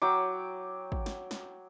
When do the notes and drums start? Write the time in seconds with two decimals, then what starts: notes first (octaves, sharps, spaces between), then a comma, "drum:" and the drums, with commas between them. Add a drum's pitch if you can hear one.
0.02 F#3 G5 D6
0.92 drum: kick
1.06 drum: snare
1.31 drum: snare